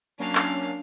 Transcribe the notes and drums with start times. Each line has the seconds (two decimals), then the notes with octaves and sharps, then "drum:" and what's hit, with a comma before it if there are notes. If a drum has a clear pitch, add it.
0.19 F#3 A#3 C#4 D4 F5
0.35 drum: clap